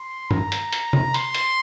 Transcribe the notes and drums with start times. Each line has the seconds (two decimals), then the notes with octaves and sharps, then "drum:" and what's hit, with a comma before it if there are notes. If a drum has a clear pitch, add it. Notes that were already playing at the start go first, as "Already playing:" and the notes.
Already playing: C6
0.31 A#5, drum: tom
0.52 drum: hi-hat
0.73 drum: hi-hat
0.93 drum: tom
1.14 C6, drum: hi-hat
1.34 drum: hi-hat